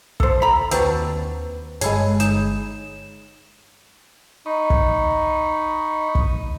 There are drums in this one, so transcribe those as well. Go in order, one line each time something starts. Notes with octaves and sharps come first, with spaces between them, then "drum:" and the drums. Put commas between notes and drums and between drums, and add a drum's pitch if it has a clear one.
A4 C5, drum: kick
A#5 B5
D#2 C4 D4 F#4 B4, drum: hi-hat
G1 G#3 G#4 A4 C#5 G#5 B5, drum: hi-hat
D#4 E7, drum: hi-hat
D#4 D#5 B5 C#6
drum: kick
drum: kick